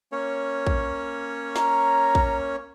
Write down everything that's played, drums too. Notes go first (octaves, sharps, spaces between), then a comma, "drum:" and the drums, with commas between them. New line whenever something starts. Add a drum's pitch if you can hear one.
A#3 C#4 C#5
drum: kick
A#5, drum: snare
drum: kick